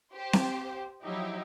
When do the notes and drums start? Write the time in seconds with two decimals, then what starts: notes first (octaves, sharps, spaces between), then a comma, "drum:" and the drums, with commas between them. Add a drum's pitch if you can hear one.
0.14 G4 C5
0.33 drum: snare C4
1.04 F3 F#3 D#4 E4 G4